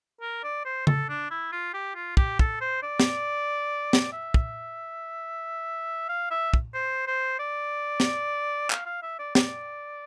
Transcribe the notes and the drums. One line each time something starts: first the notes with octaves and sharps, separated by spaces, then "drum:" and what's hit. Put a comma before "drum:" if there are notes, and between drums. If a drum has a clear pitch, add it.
A#4
D5
C5
A4, drum: tom C#3
D4
E4
F4
G4
F4
G4, drum: kick
A4, drum: kick
C5
D5
drum: snare
drum: snare
E5
drum: kick
F5
E5
drum: kick
C5
C5
D5
drum: snare
F5, drum: clap
F5
E5
D5
D5, drum: snare